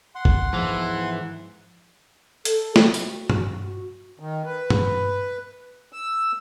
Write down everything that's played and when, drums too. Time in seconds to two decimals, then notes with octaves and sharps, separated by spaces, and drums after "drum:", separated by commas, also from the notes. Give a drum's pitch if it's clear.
0.15 F#5 C6
0.25 drum: kick
0.53 G#2 E3 F3
2.45 A4, drum: hi-hat
2.76 F#4, drum: snare
2.94 drum: tambourine
3.30 F#4, drum: tom G2
4.20 D#3
4.45 B4
4.70 drum: tom G2
5.93 E6